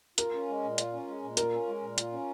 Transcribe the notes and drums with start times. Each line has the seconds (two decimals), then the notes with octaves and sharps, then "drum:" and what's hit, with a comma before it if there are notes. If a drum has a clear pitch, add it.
0.18 F4 A#4, drum: hi-hat
0.33 C#4
0.48 G#3
0.63 A#2
0.78 F4, drum: hi-hat
0.93 C#4
1.07 G#3
1.23 A#2
1.37 F4 A#4, drum: hi-hat
1.52 C#4
1.67 G#3
1.82 A#2
1.98 F4, drum: hi-hat
2.12 C#4